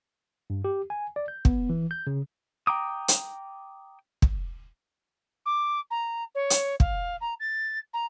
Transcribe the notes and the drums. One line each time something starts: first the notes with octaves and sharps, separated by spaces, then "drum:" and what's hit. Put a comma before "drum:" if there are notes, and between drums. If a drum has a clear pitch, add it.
G2
G4
G#5
D5
G6
B3, drum: kick
E3
G6
C#3
G5 A#5 D6 D#6
drum: hi-hat
drum: kick
D6
A#5
C#5
drum: hi-hat
F5, drum: kick
A#5
A6
A#5